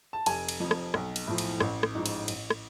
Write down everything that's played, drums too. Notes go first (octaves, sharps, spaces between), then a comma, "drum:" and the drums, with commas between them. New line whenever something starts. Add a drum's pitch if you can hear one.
A5
F1 G#5, drum: cymbal
drum: cymbal
F2 F3
drum: rim click
B1, drum: rim click
drum: cymbal
A2 F3
drum: cymbal
A1, drum: rim click
drum: rim click
G#2 F3
drum: cymbal
A1, drum: cymbal
drum: rim click